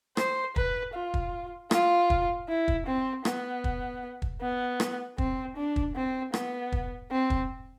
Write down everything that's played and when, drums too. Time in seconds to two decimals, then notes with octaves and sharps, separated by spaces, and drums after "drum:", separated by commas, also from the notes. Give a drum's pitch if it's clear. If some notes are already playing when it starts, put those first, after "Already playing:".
0.17 C5, drum: rim click
0.56 B4, drum: kick
0.94 F4
1.14 drum: kick
1.71 F4, drum: rim click
2.10 drum: kick
2.49 E4
2.68 drum: kick
2.87 C4
3.25 B3, drum: rim click
3.64 drum: kick
4.22 drum: kick
4.41 B3
4.80 drum: rim click
5.18 C4, drum: kick
5.57 D4
5.76 drum: kick
5.95 C4
6.34 B3, drum: rim click
6.72 drum: kick
7.11 C4
7.30 drum: kick